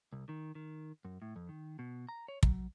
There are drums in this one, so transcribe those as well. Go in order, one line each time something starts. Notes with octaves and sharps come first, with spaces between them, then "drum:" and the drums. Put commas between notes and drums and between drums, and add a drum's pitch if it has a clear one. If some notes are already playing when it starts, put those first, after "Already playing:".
C2
D#3
D#3
F#2
A2
F2
D#3
B2
A#5
C#5
F#3, drum: kick